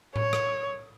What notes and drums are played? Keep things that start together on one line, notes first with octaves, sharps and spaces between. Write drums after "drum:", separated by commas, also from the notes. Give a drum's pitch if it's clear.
C#5, drum: tom A2
drum: rim click